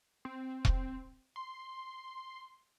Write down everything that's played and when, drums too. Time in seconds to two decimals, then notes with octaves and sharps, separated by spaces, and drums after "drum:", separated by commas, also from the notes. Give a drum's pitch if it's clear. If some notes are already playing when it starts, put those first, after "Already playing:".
0.25 C4
0.65 drum: kick E1
1.36 C6